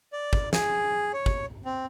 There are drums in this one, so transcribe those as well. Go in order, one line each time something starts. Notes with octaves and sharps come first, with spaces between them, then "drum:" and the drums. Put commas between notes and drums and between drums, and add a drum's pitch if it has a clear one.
D5
drum: kick
G#4, drum: snare
C#5
drum: kick
C4